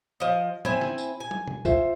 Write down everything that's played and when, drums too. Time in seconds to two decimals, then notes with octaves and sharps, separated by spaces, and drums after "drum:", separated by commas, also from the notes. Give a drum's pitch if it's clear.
0.20 F3 D#5
0.65 C4 E4 G#5, drum: tom A2
0.81 drum: snare
0.98 drum: tambourine
1.20 G#5
1.31 drum: tom
1.48 drum: tom B2
1.65 F4 C5 E5, drum: kick, tambourine